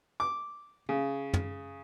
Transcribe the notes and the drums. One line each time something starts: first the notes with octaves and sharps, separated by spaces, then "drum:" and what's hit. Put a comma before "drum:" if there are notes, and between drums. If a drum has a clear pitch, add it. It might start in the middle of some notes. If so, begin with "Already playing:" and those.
D6
C#3
drum: tom